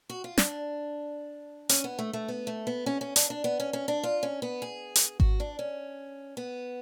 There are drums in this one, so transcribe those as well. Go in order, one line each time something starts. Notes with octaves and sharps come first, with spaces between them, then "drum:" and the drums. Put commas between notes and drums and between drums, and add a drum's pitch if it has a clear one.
F#4
F4
D4, drum: snare
C#4, drum: hi-hat
B3
A3
A3
B3
A3
B3
C#4
C#4
D4, drum: hi-hat
D4
B3
C#4
C#4
D4
F4
C#4
B3
G#4
drum: hi-hat
F#4, drum: kick G#1
D4
C#4
B3